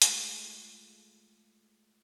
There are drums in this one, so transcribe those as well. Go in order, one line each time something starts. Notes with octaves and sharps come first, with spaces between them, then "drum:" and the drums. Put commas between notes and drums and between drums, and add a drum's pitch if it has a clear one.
G#3 A3 F4, drum: hi-hat